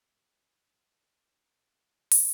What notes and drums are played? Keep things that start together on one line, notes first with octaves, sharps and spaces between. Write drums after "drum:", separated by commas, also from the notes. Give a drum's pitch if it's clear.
D#4 E4 B4
drum: open hi-hat